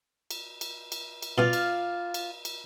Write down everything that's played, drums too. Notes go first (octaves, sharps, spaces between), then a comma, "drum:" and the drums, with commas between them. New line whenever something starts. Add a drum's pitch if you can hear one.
drum: cymbal
drum: cymbal
drum: cymbal
drum: cymbal
B2 F4 D5 F5
drum: cymbal
drum: cymbal
drum: cymbal